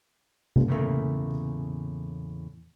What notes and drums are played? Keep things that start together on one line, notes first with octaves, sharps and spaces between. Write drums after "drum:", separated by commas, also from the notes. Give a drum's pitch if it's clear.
drum: tom C3
E2 A2 C#3 F3 A3 A#3